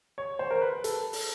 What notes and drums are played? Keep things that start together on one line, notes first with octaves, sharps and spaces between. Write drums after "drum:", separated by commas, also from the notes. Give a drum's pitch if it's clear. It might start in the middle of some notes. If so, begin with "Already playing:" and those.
C#5
C5
A#4
B4
A4, drum: hi-hat
drum: open hi-hat